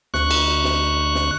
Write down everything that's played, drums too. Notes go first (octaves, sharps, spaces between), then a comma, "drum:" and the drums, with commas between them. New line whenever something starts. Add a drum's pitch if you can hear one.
D2 C#6 F#6, drum: snare
drum: cymbal
drum: snare
drum: snare